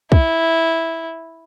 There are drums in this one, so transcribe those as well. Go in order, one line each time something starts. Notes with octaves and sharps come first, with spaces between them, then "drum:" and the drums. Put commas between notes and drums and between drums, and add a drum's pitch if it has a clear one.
E4, drum: kick